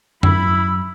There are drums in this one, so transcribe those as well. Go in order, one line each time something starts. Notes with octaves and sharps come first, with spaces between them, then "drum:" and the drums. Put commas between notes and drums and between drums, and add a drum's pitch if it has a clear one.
F#2 E4 B5 E6, drum: tom F#2